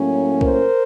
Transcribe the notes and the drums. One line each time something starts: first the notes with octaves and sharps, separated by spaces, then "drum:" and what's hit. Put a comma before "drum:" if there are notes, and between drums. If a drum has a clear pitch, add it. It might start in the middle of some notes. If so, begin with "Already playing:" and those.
Already playing: A2 F#3 A#3 C#4
A#4 C5, drum: kick B1